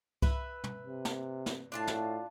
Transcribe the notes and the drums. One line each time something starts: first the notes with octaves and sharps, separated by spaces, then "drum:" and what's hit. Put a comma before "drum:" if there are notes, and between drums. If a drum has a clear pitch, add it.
B4 E5, drum: kick C2
drum: tom
C3
drum: snare
drum: snare
A2 D4 F4 A5
drum: snare